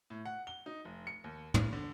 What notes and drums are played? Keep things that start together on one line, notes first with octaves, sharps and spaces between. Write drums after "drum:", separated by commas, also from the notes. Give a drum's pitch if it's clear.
A2
F#5
G7
D#4
F1
C#7
D#2
G2, drum: tom
D3